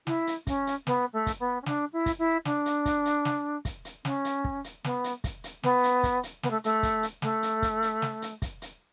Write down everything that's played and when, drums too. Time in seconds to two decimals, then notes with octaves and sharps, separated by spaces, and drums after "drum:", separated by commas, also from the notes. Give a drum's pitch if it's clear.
0.07 E4, drum: snare
0.27 drum: hi-hat
0.47 C#4, drum: kick, hi-hat
0.67 drum: hi-hat
0.87 B3, drum: snare
1.13 A3
1.26 drum: kick, hi-hat
1.40 B3
1.62 C#4
1.66 D4, drum: snare
1.93 E4
2.06 drum: kick, hi-hat
2.19 E4
2.45 D4, drum: snare
2.66 drum: hi-hat
2.85 drum: kick, hi-hat
3.05 drum: hi-hat
3.25 drum: snare
3.65 drum: kick, hi-hat
3.85 drum: hi-hat
4.05 C#4, drum: snare
4.25 drum: hi-hat
4.44 drum: kick
4.64 drum: hi-hat
4.84 B3, drum: snare
5.04 drum: hi-hat
5.24 drum: kick, hi-hat
5.44 drum: hi-hat
5.63 B3, drum: snare
5.84 drum: hi-hat
6.03 drum: kick, hi-hat
6.23 drum: hi-hat
6.43 B3, drum: snare
6.50 A3
6.64 A3, drum: hi-hat
6.83 drum: kick, hi-hat
7.03 drum: hi-hat
7.22 A3, drum: snare
7.43 drum: hi-hat
7.62 drum: kick, hi-hat
7.82 drum: hi-hat
8.02 drum: snare
8.22 drum: hi-hat
8.42 drum: kick, hi-hat
8.62 drum: hi-hat